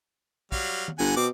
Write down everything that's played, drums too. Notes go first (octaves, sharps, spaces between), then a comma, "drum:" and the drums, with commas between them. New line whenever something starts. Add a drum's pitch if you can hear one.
F#3 G3 F5, drum: kick
drum: tom D#3
G1 D3 F#5 G#5
B2 C4 D6